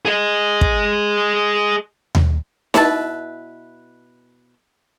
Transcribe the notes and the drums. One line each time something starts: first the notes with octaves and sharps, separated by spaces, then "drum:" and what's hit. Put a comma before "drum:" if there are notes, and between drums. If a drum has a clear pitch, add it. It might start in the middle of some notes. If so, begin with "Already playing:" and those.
G#4 D#5
drum: kick
drum: tom D#2
B2 E4 B4 A5, drum: snare D#4